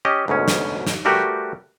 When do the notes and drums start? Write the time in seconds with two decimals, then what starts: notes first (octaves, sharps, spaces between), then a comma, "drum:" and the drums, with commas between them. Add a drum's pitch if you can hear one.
0.05 C#4 G4 D#5
0.28 D2 G#2 B2 C#4
0.48 drum: snare
0.87 drum: snare
1.05 G3 A3 F#4 G4 A#4 B4